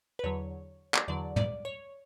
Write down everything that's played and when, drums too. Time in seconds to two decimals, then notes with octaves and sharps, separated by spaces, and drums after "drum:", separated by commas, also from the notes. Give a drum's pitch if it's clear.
0.19 B4
0.24 E2 D3 F#3 C#5
0.94 drum: clap
1.08 E2 D3 F#3 D5
1.36 D5, drum: tom
1.65 C#5